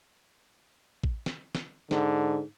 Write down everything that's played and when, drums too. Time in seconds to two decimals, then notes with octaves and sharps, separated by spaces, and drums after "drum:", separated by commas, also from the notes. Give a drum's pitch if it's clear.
1.04 drum: kick A1
1.26 drum: snare
1.55 drum: snare
1.91 G#2 D3, drum: snare